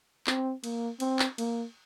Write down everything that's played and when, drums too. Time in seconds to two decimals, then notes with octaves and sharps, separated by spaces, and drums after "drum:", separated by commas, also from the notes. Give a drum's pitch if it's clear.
0.27 C4, drum: clap
0.64 A#3, drum: cymbal
1.00 C4, drum: cymbal
1.19 drum: clap
1.38 A#3, drum: cymbal